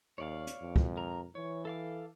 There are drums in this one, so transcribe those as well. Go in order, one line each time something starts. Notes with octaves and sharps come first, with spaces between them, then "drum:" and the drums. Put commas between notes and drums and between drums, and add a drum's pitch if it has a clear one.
D#2 C#5 D5 F5
drum: hi-hat
F2
drum: kick C#2
A#4 A#5
E3 C#5
A4 F5 D6